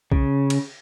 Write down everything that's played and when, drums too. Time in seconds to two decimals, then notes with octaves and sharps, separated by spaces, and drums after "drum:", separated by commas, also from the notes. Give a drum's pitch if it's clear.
0.12 C#3, drum: kick B1
0.50 drum: cymbal